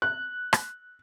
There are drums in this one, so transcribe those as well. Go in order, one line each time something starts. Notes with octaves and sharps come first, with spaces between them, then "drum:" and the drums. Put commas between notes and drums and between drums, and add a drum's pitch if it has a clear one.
F#6
drum: rim click